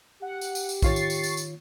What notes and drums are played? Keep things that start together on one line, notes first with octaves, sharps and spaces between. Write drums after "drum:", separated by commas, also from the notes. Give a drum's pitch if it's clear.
G4 F#5
drum: tambourine
drum: tambourine
drum: tambourine
D#3 F4 C#5 C#6 A6 C7, drum: kick, tambourine
drum: tambourine
drum: tambourine
drum: tambourine
drum: tambourine